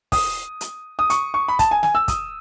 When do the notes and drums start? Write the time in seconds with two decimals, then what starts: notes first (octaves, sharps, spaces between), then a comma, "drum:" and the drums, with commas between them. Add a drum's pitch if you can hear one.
0.12 D#6, drum: kick, open hi-hat
0.61 drum: hi-hat
0.99 D#6
1.10 C#6, drum: hi-hat
1.34 C#6
1.48 B5
1.59 A5, drum: kick, hi-hat
1.71 G#5
1.83 G#5, drum: snare
1.95 E6
2.08 D#6, drum: kick, hi-hat